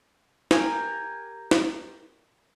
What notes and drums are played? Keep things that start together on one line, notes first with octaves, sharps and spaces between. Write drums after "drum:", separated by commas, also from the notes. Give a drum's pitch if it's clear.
G4 A#4 F5 G#5, drum: snare
drum: snare